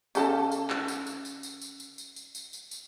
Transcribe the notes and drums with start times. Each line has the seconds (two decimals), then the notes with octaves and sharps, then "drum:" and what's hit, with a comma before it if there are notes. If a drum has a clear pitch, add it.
0.15 C#3 A4 A5, drum: tambourine
0.52 drum: tambourine
0.70 drum: clap
0.88 drum: tambourine
1.07 drum: tambourine
1.25 drum: tambourine
1.43 drum: tambourine
1.61 drum: tambourine
1.80 drum: tambourine
1.98 drum: tambourine
2.16 drum: tambourine
2.35 drum: tambourine
2.53 drum: tambourine
2.71 drum: tambourine